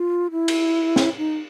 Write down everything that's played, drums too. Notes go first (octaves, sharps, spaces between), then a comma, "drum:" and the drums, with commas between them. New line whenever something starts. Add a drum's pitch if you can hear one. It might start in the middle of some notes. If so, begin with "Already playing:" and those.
Already playing: F4
E4
drum: cymbal
drum: snare
D#4